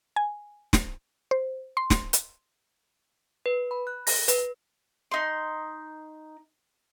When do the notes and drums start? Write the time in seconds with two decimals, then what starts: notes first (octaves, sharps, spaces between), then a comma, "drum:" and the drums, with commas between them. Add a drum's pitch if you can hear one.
0.16 G#5
0.73 drum: snare
1.31 C5
1.77 C6
1.90 drum: snare
2.13 drum: hi-hat
3.46 B4
3.71 B5
3.87 F#6
4.07 A#6, drum: open hi-hat
4.28 B4, drum: hi-hat
5.12 D#4 C6